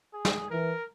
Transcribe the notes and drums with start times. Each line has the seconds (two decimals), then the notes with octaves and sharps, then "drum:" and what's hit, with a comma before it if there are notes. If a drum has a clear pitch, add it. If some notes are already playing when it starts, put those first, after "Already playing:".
0.13 G#4
0.25 drum: snare
0.51 E3 A#4